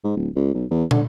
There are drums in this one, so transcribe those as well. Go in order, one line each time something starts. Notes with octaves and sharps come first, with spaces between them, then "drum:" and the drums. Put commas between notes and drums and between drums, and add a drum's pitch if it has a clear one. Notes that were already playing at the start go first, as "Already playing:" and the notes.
G#2
D1
C#2
B1
E2
D3, drum: tom